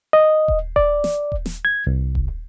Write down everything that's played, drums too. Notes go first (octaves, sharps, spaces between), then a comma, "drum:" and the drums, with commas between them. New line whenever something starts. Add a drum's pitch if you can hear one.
D#5
drum: kick D#1
D5, drum: kick D#1
drum: snare
drum: kick D#1
drum: snare
G#6
C2
drum: kick D#1